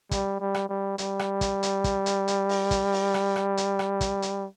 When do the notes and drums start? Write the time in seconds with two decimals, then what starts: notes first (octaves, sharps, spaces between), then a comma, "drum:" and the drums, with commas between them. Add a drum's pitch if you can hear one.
0.11 G3, drum: kick, hi-hat
0.40 G3
0.54 drum: rim click
0.69 G3
0.98 G3, drum: hi-hat
1.19 drum: rim click
1.41 drum: kick, hi-hat
1.63 drum: hi-hat
1.84 drum: kick, hi-hat
2.06 drum: hi-hat
2.28 drum: hi-hat
2.49 drum: open hi-hat
2.71 drum: kick, hi-hat
2.92 drum: open hi-hat
3.14 drum: rim click
3.36 drum: rim click
3.57 drum: hi-hat
3.79 drum: rim click
4.01 drum: kick, hi-hat
4.22 drum: hi-hat